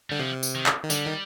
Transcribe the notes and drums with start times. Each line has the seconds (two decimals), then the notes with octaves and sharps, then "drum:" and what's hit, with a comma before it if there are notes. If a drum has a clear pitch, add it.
0.10 D3 G3
0.19 C3 F3
0.43 drum: tambourine
0.55 D#3
0.66 drum: clap
0.84 D#3
0.90 D3 G3, drum: tambourine
1.07 D#3